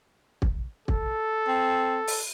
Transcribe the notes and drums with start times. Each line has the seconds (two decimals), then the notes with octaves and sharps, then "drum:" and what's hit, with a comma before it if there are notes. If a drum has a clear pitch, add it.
0.42 drum: kick
0.88 A4, drum: kick
1.47 C4
2.08 drum: open hi-hat